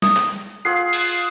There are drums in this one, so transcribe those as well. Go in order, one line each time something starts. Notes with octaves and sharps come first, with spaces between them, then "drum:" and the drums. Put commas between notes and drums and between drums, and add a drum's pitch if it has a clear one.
D#6, drum: snare
drum: clap
F4 G#4 F#5 C7
drum: open hi-hat